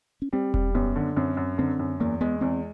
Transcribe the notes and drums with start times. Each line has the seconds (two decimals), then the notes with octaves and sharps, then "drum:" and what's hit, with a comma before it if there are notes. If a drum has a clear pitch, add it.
0.22 C#4
0.32 G3 C4
0.54 G3, drum: kick E1
0.75 F#2 B3
0.96 D3
1.17 F#2 C4
1.37 F#2
1.58 D3 C4
1.79 F#2
2.00 E2 A#3
2.21 G#3 B3
2.41 E2 C4